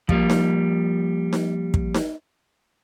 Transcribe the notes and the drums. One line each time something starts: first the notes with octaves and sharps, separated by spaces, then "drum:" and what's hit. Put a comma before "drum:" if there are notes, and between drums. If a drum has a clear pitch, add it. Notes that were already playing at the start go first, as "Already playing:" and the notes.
F3 G3 A#3, drum: kick
drum: snare D#4
drum: snare D#4
drum: kick
drum: snare D#4